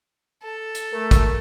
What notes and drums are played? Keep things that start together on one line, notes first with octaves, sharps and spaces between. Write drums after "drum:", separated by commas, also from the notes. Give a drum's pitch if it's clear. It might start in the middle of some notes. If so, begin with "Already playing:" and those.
A4
drum: hi-hat
A3 A#4
drum: kick, hi-hat